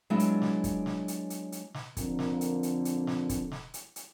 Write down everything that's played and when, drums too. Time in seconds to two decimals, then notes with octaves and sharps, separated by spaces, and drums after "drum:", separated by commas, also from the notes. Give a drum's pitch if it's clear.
0.10 F#3 G#3 B3 D4 E4 F4
0.20 drum: hi-hat
0.42 drum: snare
0.64 drum: kick, hi-hat
0.86 drum: snare
1.08 drum: hi-hat
1.30 drum: hi-hat
1.52 drum: hi-hat
1.74 drum: snare
1.97 F2 D3 A#3, drum: kick, hi-hat
2.19 drum: snare
2.41 drum: hi-hat
2.63 drum: hi-hat
2.85 drum: hi-hat
3.07 drum: snare
3.29 drum: kick, hi-hat
3.52 drum: snare
3.74 drum: hi-hat
3.96 drum: hi-hat